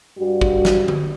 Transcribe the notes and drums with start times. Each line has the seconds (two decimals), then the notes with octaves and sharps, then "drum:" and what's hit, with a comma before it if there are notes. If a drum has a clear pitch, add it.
0.18 G2 G3 F#4
0.41 drum: kick
0.65 drum: snare
0.88 drum: tom D3